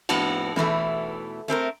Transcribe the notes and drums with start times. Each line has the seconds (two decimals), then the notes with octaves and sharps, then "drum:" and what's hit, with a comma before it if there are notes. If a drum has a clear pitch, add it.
0.09 F2 A2 B3 D4 F#4 A5, drum: cymbal
0.56 E2 B2 E3 A3, drum: snare
1.48 A3 C4 A4 A#4